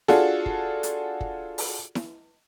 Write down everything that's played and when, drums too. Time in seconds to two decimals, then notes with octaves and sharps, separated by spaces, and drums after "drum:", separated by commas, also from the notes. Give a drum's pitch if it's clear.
0.08 D4 F4 F#4 G#4 A4, drum: snare E4
0.46 drum: kick
0.83 drum: hi-hat
1.21 drum: kick
1.58 drum: open hi-hat
1.95 drum: snare E4